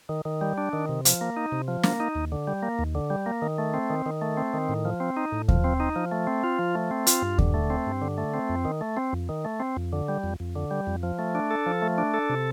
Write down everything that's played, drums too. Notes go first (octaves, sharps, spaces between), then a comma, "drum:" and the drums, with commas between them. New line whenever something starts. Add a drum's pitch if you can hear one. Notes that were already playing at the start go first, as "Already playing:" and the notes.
D#3
D#3
G3
D4
D#3
C3
F3, drum: hi-hat
A#3
D#4
C3
F3
A#3, drum: snare
D#4
D#2
D3
G3
A#3
D#2
D3
G3
A#3
D#3
A3
C4
D#3
D#3
A3
C4
D#3
A2
F3
C4
D#4
A2
F3, drum: kick D#2
C4
D#4
F3
A3
C4
F4
F3
A3
C4
F4, drum: hi-hat
G2
D3, drum: kick D#2
A3
C4
G2
D3
A3
C4
F2
D#3
A3
C4
F2
D#3
A3
C4
F2
D3
G3
F2
F2
D3
G3
F2
F3
A3
D4
A4
F3
A3
D4
A4
C3